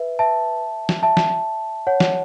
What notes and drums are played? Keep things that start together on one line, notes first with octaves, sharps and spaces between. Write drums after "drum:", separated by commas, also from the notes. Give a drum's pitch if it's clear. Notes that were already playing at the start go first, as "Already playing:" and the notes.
Already playing: B4 E5
E5 A5
drum: snare
E5 A5
drum: snare
C#5 F#5
drum: snare